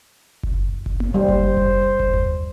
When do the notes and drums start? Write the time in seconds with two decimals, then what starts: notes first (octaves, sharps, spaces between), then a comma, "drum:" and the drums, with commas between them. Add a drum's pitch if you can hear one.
0.43 drum: kick F#1
0.86 drum: kick F#1
1.00 drum: tom A#3
1.14 G3 C5
1.29 drum: kick F#1
1.57 drum: kick F#1
2.00 drum: kick F#1
2.14 drum: tom D#2